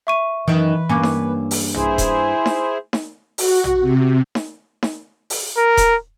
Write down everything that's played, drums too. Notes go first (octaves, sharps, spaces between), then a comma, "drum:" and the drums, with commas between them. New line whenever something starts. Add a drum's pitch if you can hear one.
E5 C#6 D#7
F#2 D#3 E3 B4
G2 A#3 C#4 G#5 D6
drum: snare D#4
drum: open hi-hat
E4 G#4 C5, drum: tom A#1
drum: kick D#1, hi-hat
drum: snare D#4
drum: snare D#4
F#4, drum: open hi-hat
drum: tom A#1
C3
drum: snare D#4
drum: snare D#4
drum: open hi-hat
A#4
drum: kick D#1, hi-hat